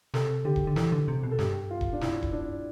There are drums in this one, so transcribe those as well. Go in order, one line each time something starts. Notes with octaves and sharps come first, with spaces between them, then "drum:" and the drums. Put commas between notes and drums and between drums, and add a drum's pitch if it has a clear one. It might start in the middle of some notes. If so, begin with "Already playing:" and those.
C3 A4, drum: snare
D3 G4
drum: kick D#1
D3
E3 A4, drum: snare
D3
C3
B2
A4
G2 G4, drum: snare
F4
drum: kick D#1
D4
E4, drum: snare
drum: kick D#1
D4